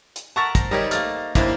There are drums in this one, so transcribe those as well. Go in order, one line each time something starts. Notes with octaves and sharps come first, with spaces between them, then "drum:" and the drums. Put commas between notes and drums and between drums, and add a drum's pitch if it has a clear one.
drum: hi-hat
A#4 E5 F#5 A5 C#6 A6
C5 A#6, drum: kick, hi-hat
G3 D#4 G4 G#4 A#4 C#5
A3 A#3 F6 A6, drum: hi-hat
D#2 A#3 D4 E4 C5, drum: kick, hi-hat